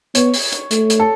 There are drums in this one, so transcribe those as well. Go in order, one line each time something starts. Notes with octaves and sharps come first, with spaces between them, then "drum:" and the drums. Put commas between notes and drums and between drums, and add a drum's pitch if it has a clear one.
B3 C#5, drum: hi-hat
drum: open hi-hat
drum: hi-hat
A3, drum: hi-hat
drum: hi-hat
A4